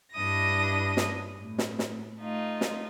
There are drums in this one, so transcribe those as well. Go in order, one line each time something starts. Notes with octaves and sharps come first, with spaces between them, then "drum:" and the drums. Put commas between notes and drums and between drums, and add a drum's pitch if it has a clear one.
G2 D4 E4 D#5 D#6 A#6
drum: snare
A2
drum: snare
drum: snare
A3 D#4 F4
drum: snare